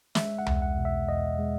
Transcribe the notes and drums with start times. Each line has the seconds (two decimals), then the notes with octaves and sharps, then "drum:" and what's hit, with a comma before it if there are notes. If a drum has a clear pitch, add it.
0.15 G#3 E5, drum: snare
0.38 F#5
0.47 E2, drum: tom C2
0.62 F#5
0.77 B2
0.85 E5
1.08 E2 D#5
1.39 G#3